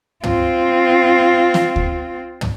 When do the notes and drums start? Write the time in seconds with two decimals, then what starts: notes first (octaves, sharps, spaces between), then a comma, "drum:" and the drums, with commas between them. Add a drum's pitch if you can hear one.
0.23 C4 F4, drum: tom
1.54 drum: snare
1.76 drum: kick D2
2.41 drum: tom